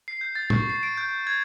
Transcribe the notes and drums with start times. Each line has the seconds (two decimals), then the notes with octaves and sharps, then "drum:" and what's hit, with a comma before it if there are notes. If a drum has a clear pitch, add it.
0.08 C7
0.21 G6
0.35 A6
0.50 C#6, drum: tom A2
0.70 C7
0.83 D7
0.97 G6
1.27 G#6